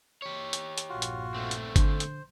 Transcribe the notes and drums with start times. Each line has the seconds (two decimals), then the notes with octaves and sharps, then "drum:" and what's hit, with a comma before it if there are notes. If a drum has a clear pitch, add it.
0.22 G4 C#5
0.53 drum: hi-hat
0.78 drum: hi-hat
0.89 A#1 G2 A#2 F4 F#4
1.02 drum: hi-hat
1.34 A3 C4
1.51 drum: hi-hat
1.76 D3 C5, drum: kick G1, hi-hat
2.00 drum: hi-hat